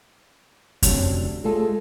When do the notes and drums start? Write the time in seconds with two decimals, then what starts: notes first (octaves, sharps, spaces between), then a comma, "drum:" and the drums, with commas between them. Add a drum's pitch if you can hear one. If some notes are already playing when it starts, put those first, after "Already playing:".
0.83 D2 C3 C#4 D4, drum: kick F2, hi-hat
1.44 G#3 A3 F4 A4